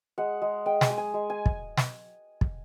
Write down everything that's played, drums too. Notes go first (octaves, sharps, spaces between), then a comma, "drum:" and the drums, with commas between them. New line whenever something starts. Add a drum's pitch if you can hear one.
G#3 F#5
G#3
G#3 G5
G#5, drum: snare
G#3
G#5
G#3
G#5
drum: kick
drum: snare
drum: kick